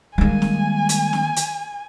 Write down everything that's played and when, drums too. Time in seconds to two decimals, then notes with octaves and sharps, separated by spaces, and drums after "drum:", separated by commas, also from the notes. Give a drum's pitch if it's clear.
0.18 D#3 G3 G#3 A#3 G#5
0.42 drum: snare
0.89 drum: hi-hat
1.13 drum: snare
1.37 drum: hi-hat